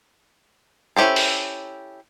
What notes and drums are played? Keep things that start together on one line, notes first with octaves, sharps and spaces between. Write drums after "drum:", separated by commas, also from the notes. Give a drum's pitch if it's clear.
C#4 E4 G4 A4 C5
drum: open hi-hat